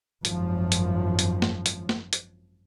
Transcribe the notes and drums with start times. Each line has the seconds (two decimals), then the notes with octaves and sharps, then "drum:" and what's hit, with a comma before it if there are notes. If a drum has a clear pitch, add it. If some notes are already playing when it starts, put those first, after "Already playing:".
0.25 G#1 F#2 F3, drum: hi-hat
0.72 drum: hi-hat
1.19 drum: hi-hat
1.42 drum: snare
1.66 drum: hi-hat
1.89 drum: snare
2.13 drum: hi-hat